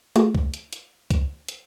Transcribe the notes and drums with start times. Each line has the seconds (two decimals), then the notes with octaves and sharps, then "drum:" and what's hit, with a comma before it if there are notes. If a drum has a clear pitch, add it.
0.16 A3 A#3 F4 F#4 G#4, drum: hi-hat
0.35 drum: kick
0.54 drum: hi-hat
0.73 drum: hi-hat
1.11 drum: kick, hi-hat
1.48 drum: hi-hat